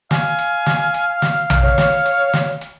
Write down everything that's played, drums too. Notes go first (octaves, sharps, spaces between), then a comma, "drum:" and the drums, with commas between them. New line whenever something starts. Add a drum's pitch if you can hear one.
F5 G#5, drum: snare
drum: hi-hat
drum: snare
drum: hi-hat
drum: snare
drum: tom A#1
C#5
drum: snare
drum: hi-hat
drum: snare
drum: hi-hat